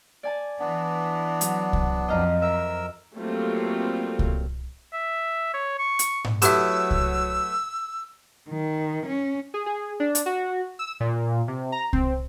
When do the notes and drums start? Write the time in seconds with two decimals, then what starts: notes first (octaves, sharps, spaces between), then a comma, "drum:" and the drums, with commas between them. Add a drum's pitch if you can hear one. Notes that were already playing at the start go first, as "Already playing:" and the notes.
0.23 D5 G#5 A5
0.60 E3 B3 D4
1.41 F#3, drum: hi-hat
1.73 drum: kick C2
2.09 F2 D#5 F5 A#5
2.42 A#4 E5 E6
3.16 F#3 G3 A3 A#3 C4 F4
4.19 drum: kick C2
4.93 E5
5.54 C#5
5.79 C#6
5.99 drum: hi-hat
6.25 drum: tom G#2
6.42 F#3 A3 B3 E4 G4 E5 E6, drum: hi-hat
6.91 drum: kick C2
8.50 D#3
9.06 C#4
9.54 G#4
9.66 G#4
10.00 D4
10.15 drum: hi-hat
10.26 F#4
10.79 E6
11.00 A#2
11.48 C3
11.72 A#5
11.93 C4, drum: kick C2